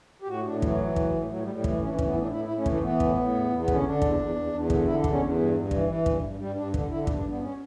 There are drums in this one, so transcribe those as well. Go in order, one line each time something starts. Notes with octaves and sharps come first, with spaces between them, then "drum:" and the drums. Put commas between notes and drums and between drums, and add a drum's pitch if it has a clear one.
G4
A2 F#4
A2 D4
E3 F#3, drum: kick
E3
A2, drum: kick
A2
A2 F#3
G3
A2
G3
E3, drum: kick
E3 C#4
D4
C#4
A2, drum: kick
B3
A2 D4 E4
A2 E4
E4
A2
C#4
E3 A3, drum: kick
E3 B3
A2, drum: kick
A2
E2
E2
B3
D3 C#4, drum: kick
D3 D4
E2, drum: kick
E2
E2
E2
D3, drum: kick
D3 E4
D4
E2, drum: kick
C#4
E2
G2
G2
E3, drum: kick
E3
G2, drum: kick
G2
G2 G3
G2 D4
D3, drum: kick
D3 E4
D4
G2, drum: kick
D4
G2 B3
C#4